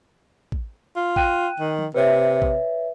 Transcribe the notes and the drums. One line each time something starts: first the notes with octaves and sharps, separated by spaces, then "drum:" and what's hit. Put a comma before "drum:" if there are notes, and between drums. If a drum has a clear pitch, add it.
drum: kick
F4
G5 F#6 D#7, drum: kick
D#3
drum: tom
C3 B4 C#5 E5
drum: kick